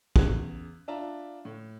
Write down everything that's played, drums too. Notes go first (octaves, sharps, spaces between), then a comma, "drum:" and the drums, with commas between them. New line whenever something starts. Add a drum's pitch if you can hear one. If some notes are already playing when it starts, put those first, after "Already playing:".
E2 C#3 F#6 G#6, drum: kick
D4 F4 E5 A5 A#5
A2